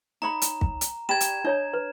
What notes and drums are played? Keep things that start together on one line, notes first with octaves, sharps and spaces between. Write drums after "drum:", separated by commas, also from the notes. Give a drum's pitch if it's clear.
D#4 C#5 A#5 B5
drum: hi-hat
drum: kick
drum: hi-hat
G4 D5 B5 G#6 E7
drum: hi-hat
D4 C#5 D#5 A#5
B4